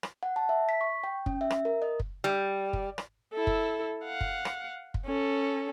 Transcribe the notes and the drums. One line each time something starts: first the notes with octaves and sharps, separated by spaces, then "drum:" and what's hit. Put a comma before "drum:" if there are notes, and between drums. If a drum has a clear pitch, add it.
drum: rim click
F#5
A5
E5
B6
C#6
G5
C#4, drum: kick
E5
drum: rim click
A#4
D#5
drum: kick
G3
drum: kick
drum: rim click
E4 A4
drum: kick
F5 F#5
drum: kick
drum: rim click
drum: kick
C#4 A4